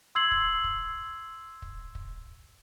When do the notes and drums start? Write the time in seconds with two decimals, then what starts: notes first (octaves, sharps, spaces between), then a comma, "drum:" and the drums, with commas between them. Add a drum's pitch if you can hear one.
0.15 C6 E6 G#6 C7 F#7
0.31 drum: kick
0.64 drum: kick
1.62 drum: kick
1.95 drum: kick